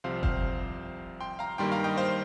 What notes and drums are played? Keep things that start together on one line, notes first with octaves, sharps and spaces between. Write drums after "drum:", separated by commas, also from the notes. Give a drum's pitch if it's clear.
C2 C3 F3 C4 C5 F5
C5 F5, drum: kick F#1
G5 C6
F5 A#5
G2 D#3 G3 A#3 G5 C6
F5 A#5
D#5 G5
C5 F5
C5